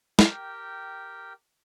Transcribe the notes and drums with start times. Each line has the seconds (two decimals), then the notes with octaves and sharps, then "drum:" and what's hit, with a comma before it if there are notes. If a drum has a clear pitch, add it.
0.19 G4 A#4 G5, drum: snare